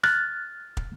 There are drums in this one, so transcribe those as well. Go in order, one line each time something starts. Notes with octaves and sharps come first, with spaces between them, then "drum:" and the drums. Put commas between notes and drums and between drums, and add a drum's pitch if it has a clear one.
F6 F#6 A6, drum: rim click
drum: kick